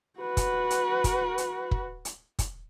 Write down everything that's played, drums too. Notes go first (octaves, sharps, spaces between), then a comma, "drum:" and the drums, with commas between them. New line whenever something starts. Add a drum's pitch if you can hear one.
F#4 B4
drum: kick, hi-hat
drum: hi-hat
drum: kick, hi-hat
drum: hi-hat
drum: kick
drum: hi-hat
drum: kick, hi-hat